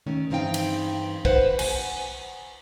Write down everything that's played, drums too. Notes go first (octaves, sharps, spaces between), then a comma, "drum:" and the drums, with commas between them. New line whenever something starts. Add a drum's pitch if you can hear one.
D#3 A3 C#4
G2 E3 C4 D#4 F5 G5
drum: cymbal
B4 C5 F#5, drum: kick
F#5 G#5, drum: cymbal